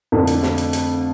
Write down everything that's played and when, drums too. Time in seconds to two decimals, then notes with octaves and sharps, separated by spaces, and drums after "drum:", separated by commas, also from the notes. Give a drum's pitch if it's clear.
0.12 F2 D3 A3 D4
0.27 drum: hi-hat
0.42 drum: snare
0.58 drum: hi-hat
0.73 drum: hi-hat